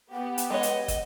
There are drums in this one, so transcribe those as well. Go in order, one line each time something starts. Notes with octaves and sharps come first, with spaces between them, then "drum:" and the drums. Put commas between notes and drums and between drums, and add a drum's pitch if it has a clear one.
B3 G4 F#5
drum: hi-hat
G#3 B4 C#5 D#5
drum: hi-hat
drum: kick, hi-hat